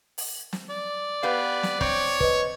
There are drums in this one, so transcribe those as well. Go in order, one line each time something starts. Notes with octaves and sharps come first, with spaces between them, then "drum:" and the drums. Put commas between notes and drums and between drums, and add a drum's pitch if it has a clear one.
drum: open hi-hat
drum: snare
D5
B3 G4 B4 F5
drum: snare
C4 C#5, drum: kick
B4 D#5, drum: kick